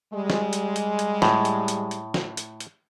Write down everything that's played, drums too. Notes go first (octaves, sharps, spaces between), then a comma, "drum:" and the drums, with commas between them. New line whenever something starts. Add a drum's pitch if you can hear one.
G3 G#3
drum: snare
drum: hi-hat
drum: hi-hat
drum: hi-hat
A2, drum: snare
drum: hi-hat
drum: hi-hat
drum: hi-hat
drum: snare
drum: hi-hat
drum: hi-hat